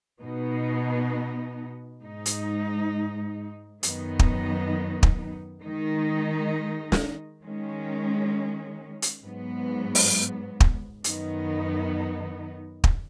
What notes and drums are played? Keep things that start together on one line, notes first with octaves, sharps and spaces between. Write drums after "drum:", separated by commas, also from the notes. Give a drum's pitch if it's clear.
B2 B3 D#4
G#2 G#3 D#4
drum: hi-hat
F#2 D#3 F#3 B3 D#4, drum: hi-hat
drum: kick
drum: kick
D#3 G#3 D#4
drum: snare
D#3 G#3 C#4
drum: hi-hat
G#2 F#3 B3
drum: open hi-hat
drum: kick
F#2 D#3 B3 D#4, drum: hi-hat
drum: kick